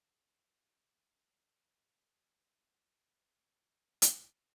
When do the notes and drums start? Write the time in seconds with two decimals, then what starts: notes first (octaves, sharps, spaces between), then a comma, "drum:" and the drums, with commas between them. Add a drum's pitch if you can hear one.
1.10 A4 C#5 F#5
2.76 B4 G#5
3.46 B4 F#5
3.69 D4 D#4
4.02 drum: hi-hat